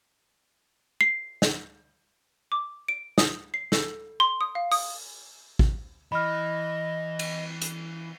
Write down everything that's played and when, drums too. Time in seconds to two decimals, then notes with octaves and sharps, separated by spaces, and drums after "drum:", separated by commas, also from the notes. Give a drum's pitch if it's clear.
1.01 C7
1.42 drum: snare
2.52 D6
2.88 D7
3.18 D#6, drum: snare
3.54 C7
3.72 A4, drum: snare
4.20 C6
4.41 D#6
4.55 F5
4.72 D#6, drum: open hi-hat
5.59 drum: kick
6.12 E3 D#5 B5 F6
7.19 drum: cymbal
7.62 drum: hi-hat